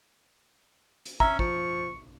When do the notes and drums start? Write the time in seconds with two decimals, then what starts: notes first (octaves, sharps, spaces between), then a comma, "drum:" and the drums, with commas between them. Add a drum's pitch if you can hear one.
1.06 drum: hi-hat
1.20 C#4 E5 A#5, drum: kick
1.39 F3 C#6, drum: kick